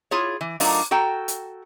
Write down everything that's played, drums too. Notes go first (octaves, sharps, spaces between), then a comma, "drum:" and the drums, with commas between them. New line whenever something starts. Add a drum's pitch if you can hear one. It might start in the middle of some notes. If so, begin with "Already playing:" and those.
E4 F4 G#4 C#5
E3
F#3 A3 D4 D#4 F4 A#4, drum: open hi-hat
F#4 A4 G5 A#5
drum: hi-hat